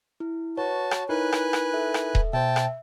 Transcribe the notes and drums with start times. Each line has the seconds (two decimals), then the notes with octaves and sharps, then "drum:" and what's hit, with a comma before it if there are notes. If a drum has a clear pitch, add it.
0.20 E4
0.57 F#4 B4 C#5 A5
0.91 drum: rim click
1.09 D#4 E4 A#4 B4 G#5 F#6
1.32 drum: rim click
1.53 drum: rim click
1.74 A4 E5
1.94 drum: rim click
2.15 drum: kick D#1
2.33 B2 C5 E5 G5 A5
2.56 drum: rim click